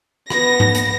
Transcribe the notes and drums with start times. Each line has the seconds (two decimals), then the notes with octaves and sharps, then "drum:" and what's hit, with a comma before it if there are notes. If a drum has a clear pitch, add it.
0.30 B3 A#6, drum: rim click
0.60 drum: tom G#2
0.75 drum: hi-hat